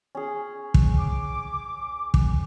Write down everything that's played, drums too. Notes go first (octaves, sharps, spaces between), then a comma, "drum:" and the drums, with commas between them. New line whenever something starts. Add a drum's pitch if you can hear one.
C#4 G#4
drum: kick
D6
drum: kick